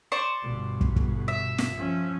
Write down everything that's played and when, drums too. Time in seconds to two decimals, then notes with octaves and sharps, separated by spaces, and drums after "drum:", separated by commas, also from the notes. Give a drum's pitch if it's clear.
0.12 C5 D5 C#6
0.43 G1 B2
0.81 drum: kick
0.96 drum: kick
1.28 E5
1.58 drum: snare
1.74 F3 C#4